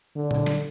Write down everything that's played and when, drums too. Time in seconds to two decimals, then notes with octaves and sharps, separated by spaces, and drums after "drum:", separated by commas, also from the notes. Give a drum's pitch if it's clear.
0.16 D3
0.31 drum: tom A#2
0.46 drum: snare